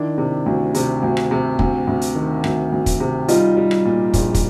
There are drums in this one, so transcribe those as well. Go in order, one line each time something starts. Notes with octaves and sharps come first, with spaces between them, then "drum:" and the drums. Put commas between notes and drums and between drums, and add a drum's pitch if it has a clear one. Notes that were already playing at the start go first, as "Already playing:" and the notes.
Already playing: D#3 D4 E4
C3
D2
C3, drum: hi-hat
D2
drum: rim click
C3
D2, drum: kick
D2
drum: hi-hat
D#3
D2, drum: rim click
D2
drum: kick, hi-hat
C3
G3 D#4 F4, drum: hi-hat
G3
drum: rim click
A#2
A#1, drum: kick, hi-hat
drum: kick, hi-hat